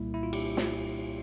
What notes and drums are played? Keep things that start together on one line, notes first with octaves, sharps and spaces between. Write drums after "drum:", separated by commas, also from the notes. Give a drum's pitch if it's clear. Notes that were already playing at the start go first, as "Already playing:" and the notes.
Already playing: C2 A#2 G3 A#3 E4
E4
F4
G4, drum: cymbal
drum: snare